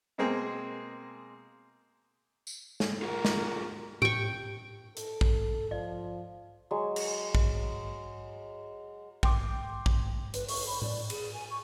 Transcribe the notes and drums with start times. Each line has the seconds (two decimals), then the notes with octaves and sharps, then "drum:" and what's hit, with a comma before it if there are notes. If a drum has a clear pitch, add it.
0.18 B2 G#3 A#3 C4 G#4
2.47 drum: tambourine
2.80 drum: snare
3.02 F4 F#4 G#4 A#4
3.25 drum: snare
4.02 G4 G5 C#6, drum: tom A2
4.97 A4, drum: hi-hat
5.21 drum: kick
5.71 F3 D5
6.71 F#3 G#3 C#6
6.96 drum: cymbal
7.35 drum: kick
9.23 G5 C6 D6, drum: kick
9.86 drum: kick
10.34 B4, drum: hi-hat
10.49 C#6, drum: open hi-hat
10.67 B5
10.82 D5, drum: tom A2
11.10 G#4, drum: cymbal
11.33 G#5
11.50 C#6